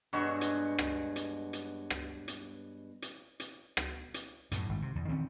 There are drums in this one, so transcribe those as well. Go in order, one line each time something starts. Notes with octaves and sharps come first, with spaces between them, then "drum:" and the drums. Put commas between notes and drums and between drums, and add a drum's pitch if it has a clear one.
G2 B2 G#3 F#4 C#5 E5
drum: hi-hat
drum: rim click
drum: hi-hat
drum: hi-hat
drum: rim click
drum: hi-hat
drum: hi-hat
drum: hi-hat
drum: rim click
drum: hi-hat
F#2 A2, drum: hi-hat
G#1 G#2
C3
E2
D#3 C4 C#4